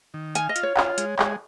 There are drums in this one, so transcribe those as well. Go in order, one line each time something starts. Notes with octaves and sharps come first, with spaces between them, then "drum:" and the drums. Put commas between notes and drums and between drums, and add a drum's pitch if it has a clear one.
D#3
F5 G#5, drum: hi-hat
D#5
F4, drum: hi-hat
C#5
F4, drum: clap
G#3, drum: hi-hat
G#3, drum: clap